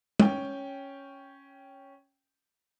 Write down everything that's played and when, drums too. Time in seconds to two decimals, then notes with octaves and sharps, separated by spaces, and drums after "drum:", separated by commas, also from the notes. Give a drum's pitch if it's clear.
0.20 C#4 G5, drum: tom